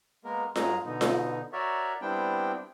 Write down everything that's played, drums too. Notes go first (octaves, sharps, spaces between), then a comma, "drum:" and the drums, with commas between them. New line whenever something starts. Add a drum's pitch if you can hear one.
G#3 A#3 B3 A#4
G2 F#3 G#3 G#4 A#4 A#5, drum: snare F4
B2 D3 B3 D#4
drum: snare F4
F#4 A#4 C#5 D5 E5
G3 B3 C4 D4 E4 G5